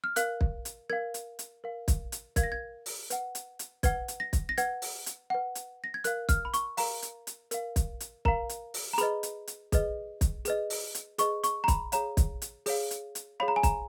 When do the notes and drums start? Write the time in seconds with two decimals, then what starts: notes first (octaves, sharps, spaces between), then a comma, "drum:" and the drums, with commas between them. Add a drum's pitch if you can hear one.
0.04 F6
0.16 A#4 F5 F#6, drum: hi-hat
0.41 drum: kick
0.65 drum: hi-hat
0.90 A#4 F5 G#6
1.14 drum: hi-hat
1.39 drum: hi-hat
1.64 A#4 F5
1.88 drum: kick, hi-hat
2.12 drum: hi-hat
2.36 A#4 F5 G#6, drum: kick, hi-hat
2.43 A#6
2.52 G#6
2.86 drum: open hi-hat
3.10 B4 F#5, drum: hi-hat
3.35 drum: hi-hat
3.59 drum: hi-hat
3.83 B4 F#5 G#6, drum: kick, hi-hat
4.08 drum: hi-hat
4.20 A#6
4.33 drum: kick, hi-hat
4.49 A#6
4.58 B4 F#5 G#6, drum: hi-hat
4.82 drum: open hi-hat
5.06 drum: hi-hat
5.30 B4 F#5
5.55 drum: hi-hat
5.84 A#6
5.94 G#6
6.04 A#4 F5 F#6, drum: hi-hat
6.29 F6, drum: kick, hi-hat
6.45 B5
6.54 C#6, drum: hi-hat
6.77 A#4 F5 A#5, drum: open hi-hat
7.02 drum: hi-hat
7.27 drum: hi-hat
7.51 A#4 F5, drum: hi-hat
7.76 drum: kick, hi-hat
8.00 drum: hi-hat
8.25 A#4 F5 A#5, drum: kick
8.49 drum: hi-hat
8.74 drum: open hi-hat
8.93 A#5
8.98 G#4 B4 D#5 B5, drum: hi-hat
9.23 drum: hi-hat
9.47 drum: hi-hat
9.72 G#4 B4 D#5, drum: kick, hi-hat
10.21 drum: kick, hi-hat
10.45 G#4 B4 D#5, drum: hi-hat
10.70 drum: open hi-hat
10.95 drum: hi-hat
11.18 G#4 B4 D#5 C#6, drum: hi-hat
11.44 C#6, drum: hi-hat
11.64 A#5
11.68 B5, drum: kick, hi-hat
11.92 G#4 C#5 F5 A#5, drum: hi-hat
12.17 drum: kick, hi-hat
12.42 drum: hi-hat
12.66 G#4 C#5 F5, drum: open hi-hat
12.91 drum: hi-hat
13.15 drum: hi-hat
13.40 G#4 C#5 F5 B5
13.48 A#5
13.56 G#5
13.63 A#5, drum: kick, hi-hat